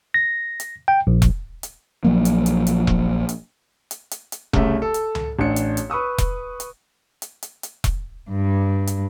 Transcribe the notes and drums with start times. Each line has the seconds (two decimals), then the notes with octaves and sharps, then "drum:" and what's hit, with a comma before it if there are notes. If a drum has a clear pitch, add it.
0.14 A#6
0.60 drum: hi-hat
0.88 G5
1.07 A#1
1.22 drum: kick E1, hi-hat
1.63 drum: hi-hat
2.04 A#1 F3 F#3 A#3
2.25 drum: hi-hat
2.46 drum: hi-hat
2.67 drum: hi-hat
2.87 drum: kick E1
3.29 drum: hi-hat
3.91 drum: hi-hat
4.11 drum: hi-hat
4.32 drum: hi-hat
4.53 C2 C#3 A3 E5, drum: kick E1
4.82 A4
4.94 drum: hi-hat
5.15 drum: tom C#2
5.39 A1 D4 C#7
5.56 drum: hi-hat
5.77 drum: hi-hat
5.90 B4 C#6 D#6 E6
6.18 drum: kick E1, hi-hat
6.60 drum: hi-hat
7.22 drum: hi-hat
7.43 drum: hi-hat
7.63 drum: hi-hat
7.84 drum: kick E1, hi-hat
8.31 G2
8.87 drum: hi-hat